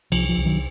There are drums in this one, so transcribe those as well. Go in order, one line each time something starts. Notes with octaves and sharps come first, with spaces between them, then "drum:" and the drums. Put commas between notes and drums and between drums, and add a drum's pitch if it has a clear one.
C2 F3, drum: cymbal
F3
C2
D#3 F#3